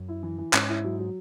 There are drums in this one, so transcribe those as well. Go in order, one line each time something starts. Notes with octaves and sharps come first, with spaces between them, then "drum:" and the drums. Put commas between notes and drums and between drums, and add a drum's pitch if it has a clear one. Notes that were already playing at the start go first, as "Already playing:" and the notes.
Already playing: F#2
E4
E3
E3
G#2 C#4, drum: clap
E4
F#3
F#3